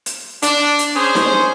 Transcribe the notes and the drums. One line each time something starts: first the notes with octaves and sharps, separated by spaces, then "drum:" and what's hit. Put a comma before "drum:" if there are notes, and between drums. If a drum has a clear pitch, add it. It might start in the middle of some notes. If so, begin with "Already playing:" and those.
drum: hi-hat
D4, drum: hi-hat
drum: hi-hat
C#4 G#4 C5
drum: snare D#4